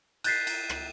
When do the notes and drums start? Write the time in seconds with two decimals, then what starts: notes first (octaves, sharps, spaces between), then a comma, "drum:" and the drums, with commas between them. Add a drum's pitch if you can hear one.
0.24 F#6 G6 A6 B6 C7, drum: cymbal
0.47 drum: cymbal
0.70 drum: rim click